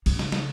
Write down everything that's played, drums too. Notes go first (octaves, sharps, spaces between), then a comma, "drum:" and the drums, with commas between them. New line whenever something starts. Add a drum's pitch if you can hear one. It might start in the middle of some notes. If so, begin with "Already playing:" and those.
C#3, drum: cymbal
drum: snare
drum: snare